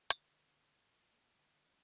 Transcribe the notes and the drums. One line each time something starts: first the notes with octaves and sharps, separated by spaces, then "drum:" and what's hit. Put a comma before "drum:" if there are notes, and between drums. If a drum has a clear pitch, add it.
D3, drum: hi-hat
A1
A#3 C#4
D3 G3 D4
F3 G3 C#4 D4